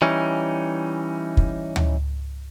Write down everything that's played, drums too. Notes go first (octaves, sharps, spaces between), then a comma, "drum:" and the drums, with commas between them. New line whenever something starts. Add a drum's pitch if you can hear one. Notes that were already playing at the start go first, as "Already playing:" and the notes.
E3 G3 C#4 D#4
drum: kick
drum: tom D2